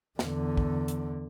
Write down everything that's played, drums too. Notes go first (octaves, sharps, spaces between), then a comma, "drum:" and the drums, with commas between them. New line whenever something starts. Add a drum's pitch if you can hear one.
E2 D3, drum: snare
drum: kick
drum: hi-hat